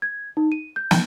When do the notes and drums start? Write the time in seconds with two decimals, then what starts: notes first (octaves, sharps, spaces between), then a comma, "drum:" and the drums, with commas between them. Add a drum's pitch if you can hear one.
0.02 G#6
0.37 D#4
0.52 D#7
0.76 G6
0.91 drum: snare